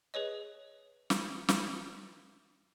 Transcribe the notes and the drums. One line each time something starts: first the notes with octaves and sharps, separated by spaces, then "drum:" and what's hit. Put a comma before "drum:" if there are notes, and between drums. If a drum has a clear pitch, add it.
G#4 B4 C#5 D#5
drum: snare
drum: snare